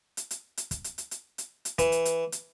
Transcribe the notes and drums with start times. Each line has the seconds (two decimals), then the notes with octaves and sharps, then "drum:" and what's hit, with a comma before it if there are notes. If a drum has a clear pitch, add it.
0.17 drum: hi-hat
0.31 drum: hi-hat
0.57 drum: hi-hat
0.71 drum: kick, hi-hat
0.84 drum: hi-hat
0.98 drum: hi-hat
1.11 drum: hi-hat
1.38 drum: hi-hat
1.65 drum: hi-hat
1.78 E3, drum: kick, hi-hat
1.92 drum: hi-hat
2.05 drum: hi-hat
2.32 drum: hi-hat